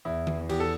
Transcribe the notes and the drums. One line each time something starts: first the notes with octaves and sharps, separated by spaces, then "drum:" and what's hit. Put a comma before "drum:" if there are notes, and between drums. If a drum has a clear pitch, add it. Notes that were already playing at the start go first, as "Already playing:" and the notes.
E2 E4
E3, drum: tom D#3
E2 G4, drum: cymbal
A4